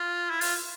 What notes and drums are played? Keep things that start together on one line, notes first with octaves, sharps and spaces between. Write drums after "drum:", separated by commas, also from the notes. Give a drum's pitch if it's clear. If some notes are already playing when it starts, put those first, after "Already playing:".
Already playing: F4
E4
F4, drum: open hi-hat